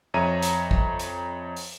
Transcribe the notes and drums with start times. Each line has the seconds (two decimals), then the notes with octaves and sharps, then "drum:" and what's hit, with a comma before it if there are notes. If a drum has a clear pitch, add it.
0.14 F2 C#5 E5 A#5 D#7
0.42 drum: hi-hat
0.71 drum: kick A1
0.99 drum: hi-hat
1.56 drum: open hi-hat